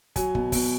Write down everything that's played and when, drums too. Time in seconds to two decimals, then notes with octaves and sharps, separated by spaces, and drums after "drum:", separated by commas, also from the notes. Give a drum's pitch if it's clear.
0.16 F#3 G#5, drum: kick, hi-hat
0.35 B2, drum: kick
0.52 B2, drum: kick, open hi-hat